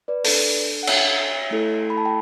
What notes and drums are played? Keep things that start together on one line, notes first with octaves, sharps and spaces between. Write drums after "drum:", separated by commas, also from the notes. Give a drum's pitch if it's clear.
B4 D5
D4 A4, drum: open hi-hat
F#5
C#5 E5, drum: cymbal
A3 E4 A4
B5
A5
G5